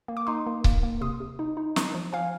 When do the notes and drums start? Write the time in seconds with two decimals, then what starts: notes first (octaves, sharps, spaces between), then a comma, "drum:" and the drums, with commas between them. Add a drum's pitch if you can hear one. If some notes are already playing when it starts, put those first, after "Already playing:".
0.08 A#3
0.17 D6
0.27 D#4 C6 D#6
0.46 A#3
0.64 A#3, drum: kick C#1
0.83 A#3
1.01 C3 C6 D#6
1.20 C3
1.39 D#4
1.57 D#4
1.76 D#4, drum: snare
1.95 F3
2.13 F3 F5 G#5